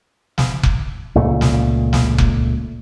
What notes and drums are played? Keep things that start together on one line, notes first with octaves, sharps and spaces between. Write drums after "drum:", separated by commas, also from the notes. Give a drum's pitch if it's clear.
drum: snare
drum: kick F1
C#2 A#2 A3
drum: snare
drum: snare
drum: kick F1